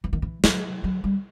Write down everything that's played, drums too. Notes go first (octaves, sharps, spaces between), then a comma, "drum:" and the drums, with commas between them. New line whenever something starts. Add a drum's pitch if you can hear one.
E3
D#3
E3
F#3, drum: snare
F#3
G3